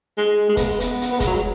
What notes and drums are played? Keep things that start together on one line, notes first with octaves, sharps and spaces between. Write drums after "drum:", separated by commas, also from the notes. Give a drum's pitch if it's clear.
G#3
G#3
B3, drum: kick, hi-hat
G#3
B3, drum: hi-hat
drum: hi-hat
B3
G#3, drum: kick, hi-hat
F#3
G#3